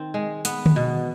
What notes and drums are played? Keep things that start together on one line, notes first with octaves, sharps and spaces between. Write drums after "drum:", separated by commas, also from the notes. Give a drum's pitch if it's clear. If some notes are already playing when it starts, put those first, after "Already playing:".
Already playing: D#3 C4
G#3
B3, drum: hi-hat
drum: tom D3
B2